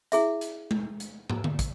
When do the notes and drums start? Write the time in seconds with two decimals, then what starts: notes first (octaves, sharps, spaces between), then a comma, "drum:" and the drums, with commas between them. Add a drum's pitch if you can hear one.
0.12 E4 G#4 E5, drum: hi-hat
0.41 drum: hi-hat
0.71 drum: tom G#3
1.00 drum: hi-hat
1.30 drum: tom
1.44 drum: tom D3
1.59 drum: kick, hi-hat